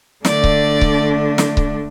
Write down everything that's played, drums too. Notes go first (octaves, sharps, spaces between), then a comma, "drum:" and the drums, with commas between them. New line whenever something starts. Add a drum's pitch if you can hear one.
D3 A3 D4 D5, drum: snare
drum: kick C#1
drum: kick C#1
drum: snare
drum: kick C#1